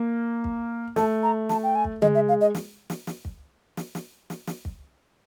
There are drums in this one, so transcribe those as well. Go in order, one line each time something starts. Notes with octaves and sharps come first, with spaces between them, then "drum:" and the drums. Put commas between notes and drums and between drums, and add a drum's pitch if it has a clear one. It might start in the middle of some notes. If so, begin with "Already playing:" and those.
Already playing: A#3
drum: kick
A3 A5, drum: snare
A#5
A5, drum: snare
G5
G#5
drum: kick
G#3 D#5, drum: tom C#3
E5
F5
D#5
drum: snare
drum: snare
drum: snare
drum: kick
drum: snare
drum: snare
drum: snare
drum: snare
drum: kick